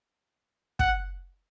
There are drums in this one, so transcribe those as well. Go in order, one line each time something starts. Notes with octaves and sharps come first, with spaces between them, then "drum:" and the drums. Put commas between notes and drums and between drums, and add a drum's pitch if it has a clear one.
F#5, drum: kick